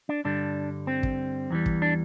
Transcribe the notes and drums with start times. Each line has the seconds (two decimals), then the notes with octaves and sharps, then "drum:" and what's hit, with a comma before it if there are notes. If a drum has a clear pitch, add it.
0.09 D4
0.25 G2 D3 G3 D4
0.87 C4
1.03 drum: kick
1.51 E2 E3 G3
1.66 drum: kick
1.82 D4